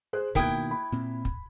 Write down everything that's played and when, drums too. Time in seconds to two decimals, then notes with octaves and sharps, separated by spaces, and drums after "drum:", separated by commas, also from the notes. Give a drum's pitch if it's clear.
0.13 G#4 C5 F#6
0.35 B2 D#3 A#3 E4 G5 D#6 G#6, drum: kick
0.71 B5
0.92 A#2 C4
1.25 drum: kick